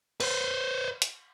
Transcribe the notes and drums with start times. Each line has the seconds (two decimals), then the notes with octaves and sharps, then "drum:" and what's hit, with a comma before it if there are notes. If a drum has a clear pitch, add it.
0.20 B4 C5, drum: cymbal
1.02 drum: hi-hat